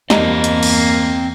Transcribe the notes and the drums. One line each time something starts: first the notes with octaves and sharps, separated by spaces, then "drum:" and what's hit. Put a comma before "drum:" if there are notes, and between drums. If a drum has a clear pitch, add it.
E2 G3 A#3 C4 D#4 D#5, drum: snare
drum: hi-hat
drum: cymbal